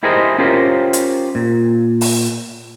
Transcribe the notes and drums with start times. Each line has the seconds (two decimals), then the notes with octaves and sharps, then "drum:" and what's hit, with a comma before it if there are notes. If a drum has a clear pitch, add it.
0.03 E4 G4 G#4 A#4 C5 D#5
0.38 C#4 F4 G4 A#4 C5
0.93 drum: hi-hat
1.35 A#2
2.01 drum: open hi-hat